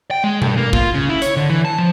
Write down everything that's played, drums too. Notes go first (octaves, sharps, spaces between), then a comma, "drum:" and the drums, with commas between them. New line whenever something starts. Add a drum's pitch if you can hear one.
G5
G#3
G2, drum: tom B2
A#3
F4, drum: kick
C#3
E4
C#5, drum: hi-hat
D3
E3
A5
F3